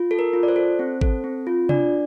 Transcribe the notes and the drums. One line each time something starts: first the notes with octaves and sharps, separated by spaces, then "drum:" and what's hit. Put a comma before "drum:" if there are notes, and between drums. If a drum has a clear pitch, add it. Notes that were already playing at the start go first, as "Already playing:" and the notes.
Already playing: F4
A4
A#4
F4
D5
C5
A4
C4
A4, drum: kick G#1
C4
F4
D4 D5, drum: tom C3